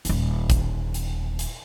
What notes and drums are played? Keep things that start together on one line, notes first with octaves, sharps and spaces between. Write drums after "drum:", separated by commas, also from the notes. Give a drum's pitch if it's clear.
D#1 A#3, drum: hi-hat
drum: kick, hi-hat
drum: hi-hat
drum: hi-hat